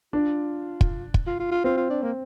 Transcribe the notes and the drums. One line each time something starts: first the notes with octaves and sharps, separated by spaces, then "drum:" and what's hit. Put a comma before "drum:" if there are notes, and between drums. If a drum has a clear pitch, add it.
D4 F4
drum: kick
drum: kick
F4
F4
F4
C4 F4
F4
D4
A#3